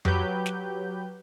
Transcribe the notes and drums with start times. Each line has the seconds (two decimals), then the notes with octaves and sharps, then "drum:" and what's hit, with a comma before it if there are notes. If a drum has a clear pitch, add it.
0.05 F#3 G4 B4 G6, drum: tom F2
0.46 drum: snare